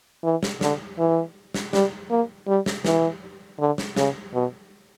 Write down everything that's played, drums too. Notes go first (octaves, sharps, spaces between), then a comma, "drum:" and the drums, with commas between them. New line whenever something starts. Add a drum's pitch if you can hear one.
E3
drum: snare
D3, drum: snare
E3
drum: snare
G3, drum: snare
A#3
G3
drum: snare
E3, drum: snare
D3
drum: snare
C#3, drum: snare
B2